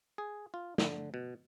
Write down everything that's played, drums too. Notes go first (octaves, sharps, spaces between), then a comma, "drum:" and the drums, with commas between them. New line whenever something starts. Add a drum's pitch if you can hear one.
G#4
F4
D3, drum: snare
B2